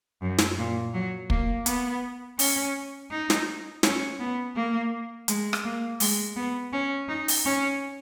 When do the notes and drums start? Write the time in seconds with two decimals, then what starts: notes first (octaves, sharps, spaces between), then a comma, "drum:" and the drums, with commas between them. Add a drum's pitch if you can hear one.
0.22 F#2
0.38 drum: snare
0.58 A#2
0.94 F#3
1.30 A#3, drum: kick
1.66 B3, drum: hi-hat
2.39 C#4, drum: open hi-hat
3.11 D#4
3.30 drum: snare
3.83 C#4, drum: snare
4.19 B3
4.56 A#3
5.28 G#3, drum: hi-hat
5.53 drum: rim click
5.64 A#3
6.00 G#3, drum: open hi-hat
6.36 B3
6.73 C#4
7.08 D#4
7.28 drum: open hi-hat
7.45 C#4